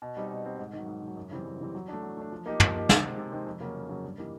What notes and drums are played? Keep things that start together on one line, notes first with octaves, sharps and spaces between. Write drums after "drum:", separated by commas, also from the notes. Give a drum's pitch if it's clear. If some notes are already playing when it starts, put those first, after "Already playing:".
B2
G3 C4 D#4
B2
G3 C4 D#4
G#2
D#3
F#3
G#2
D#3
F#3
F#2
C#3 E3 G3 C4
F#2
C#3 E3 G3 C4
F#3
A3 D4
F#3
A3 D4
F3
A#3 D#4 G4
F3, drum: tom
A#3 D#4 G4
C3, drum: snare
D#3 G#3 C4
C3
D#3 G#3 C4
F2
C#3 F#3 A#3 C#4
F2
C#3 F#3 A#3 C#4
G2
E3 G3 A#3 D#4